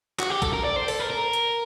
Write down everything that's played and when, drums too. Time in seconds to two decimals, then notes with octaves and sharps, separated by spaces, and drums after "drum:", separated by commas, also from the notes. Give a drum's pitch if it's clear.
0.19 F#4, drum: clap
0.30 G4
0.42 A4, drum: kick, hi-hat
0.53 A#4
0.65 D5
0.76 C5
0.88 A4, drum: open hi-hat
1.00 A#4
1.10 A#4
1.33 drum: hi-hat